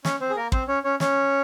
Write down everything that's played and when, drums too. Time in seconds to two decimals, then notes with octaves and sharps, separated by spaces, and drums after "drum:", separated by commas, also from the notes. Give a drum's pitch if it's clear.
0.05 C#4 C#5, drum: snare
0.20 C4 C5
0.30 G#4
0.36 A#3 A#4
0.52 C4 C5, drum: kick
0.68 C#4 C#5
0.84 C#4 C#5
1.00 C#4 C#5, drum: snare